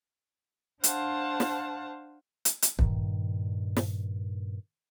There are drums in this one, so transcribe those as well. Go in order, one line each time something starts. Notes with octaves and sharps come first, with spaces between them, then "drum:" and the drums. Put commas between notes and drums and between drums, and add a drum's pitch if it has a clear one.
D4 C5 F5 F#5 A5, drum: hi-hat
drum: snare
drum: hi-hat
drum: hi-hat
G2 A#2 D#3, drum: kick
drum: snare